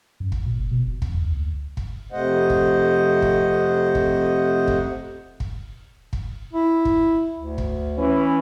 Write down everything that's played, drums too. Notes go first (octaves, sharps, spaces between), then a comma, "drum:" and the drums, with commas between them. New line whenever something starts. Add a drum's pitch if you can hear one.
F#2
G#1, drum: kick
A#2
G1
B2
F1
F2, drum: kick
D#2
D2
drum: kick
F2 C3 A3 C5 D#5 F#5
drum: kick
drum: kick
drum: kick
drum: kick
drum: kick
drum: kick
E4
drum: kick
D2
drum: kick
E3 C#4 B4